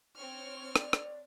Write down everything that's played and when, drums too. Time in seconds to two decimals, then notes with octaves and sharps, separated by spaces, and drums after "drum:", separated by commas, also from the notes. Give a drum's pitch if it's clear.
0.17 C4 C#5 F6
0.76 D5, drum: rim click
0.93 drum: rim click